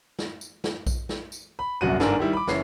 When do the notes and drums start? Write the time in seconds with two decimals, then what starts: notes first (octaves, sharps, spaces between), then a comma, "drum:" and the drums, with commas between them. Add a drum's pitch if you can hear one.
0.19 drum: snare
0.41 drum: tambourine
0.64 drum: snare
0.87 drum: kick A#1, tambourine
1.09 drum: snare
1.32 drum: tambourine
1.59 B5
1.81 D#1 C2 F#2 F#4 D#7
2.00 G1 G#2 D4 A#4 G#5 E6, drum: snare
2.19 D#3 G3 E4
2.33 B5 D6
2.48 F#1 E3 C#5 C7, drum: snare